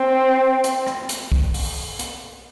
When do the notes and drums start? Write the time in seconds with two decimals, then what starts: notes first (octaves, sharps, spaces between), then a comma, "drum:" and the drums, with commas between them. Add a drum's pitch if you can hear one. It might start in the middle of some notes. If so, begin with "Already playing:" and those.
Already playing: C4
0.64 drum: hi-hat
0.87 drum: rim click
1.09 drum: hi-hat
1.32 drum: kick C2
1.54 drum: open hi-hat
1.99 drum: hi-hat